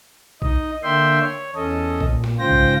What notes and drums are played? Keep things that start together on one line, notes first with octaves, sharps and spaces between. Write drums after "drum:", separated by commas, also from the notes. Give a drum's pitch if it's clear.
D#4 D#5, drum: kick A#1
D3 A#3 D4 E5 G5 C6
C#5
E2 C#4 A4 D#5
A#2, drum: kick A#1
drum: snare
G#2 C#3 F4 C5 G5 A#6
drum: kick A#1